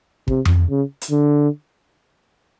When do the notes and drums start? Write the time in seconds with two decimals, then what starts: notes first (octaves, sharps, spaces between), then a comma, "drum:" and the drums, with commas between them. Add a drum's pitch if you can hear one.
0.28 C3, drum: kick
0.45 drum: tom F2
0.70 C#3
1.01 drum: hi-hat
1.11 D3